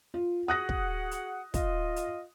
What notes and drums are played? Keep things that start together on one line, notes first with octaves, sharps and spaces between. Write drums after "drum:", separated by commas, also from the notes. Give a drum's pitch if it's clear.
F4
F#4 G#4 F#5 D#6 F#6 A#6
drum: kick
drum: hi-hat
F4 D#5, drum: kick, hi-hat
drum: hi-hat